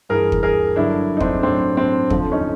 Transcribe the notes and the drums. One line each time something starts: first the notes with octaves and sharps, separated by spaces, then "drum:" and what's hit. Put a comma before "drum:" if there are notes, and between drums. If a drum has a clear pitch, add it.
G2 E3 G#4 A#4
drum: kick
G#4 A#4
G2 D3 F#3 D4 E4
D#4
C4 D4, drum: kick
A2 F#3 C4 D4
C4 D4
F2 D3 F3, drum: kick
C#4 D#4